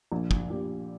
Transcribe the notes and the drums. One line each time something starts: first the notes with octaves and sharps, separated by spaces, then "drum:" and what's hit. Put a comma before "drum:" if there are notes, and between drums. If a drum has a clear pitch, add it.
A#1 A#2
drum: kick
A#1 A#2 G4